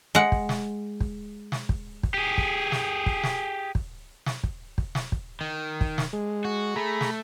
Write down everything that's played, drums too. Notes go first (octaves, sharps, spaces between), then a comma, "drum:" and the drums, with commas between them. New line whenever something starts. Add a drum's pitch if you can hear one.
G#3 F#5
drum: kick
drum: snare
drum: kick
drum: snare
drum: kick
drum: kick
G4 G#4
drum: kick
drum: snare
drum: kick
drum: snare
drum: kick
drum: snare
drum: kick
drum: kick
drum: snare
drum: kick
D#3
drum: kick
drum: snare
G#3
F#4
A3 G#4 A#5 B5
drum: snare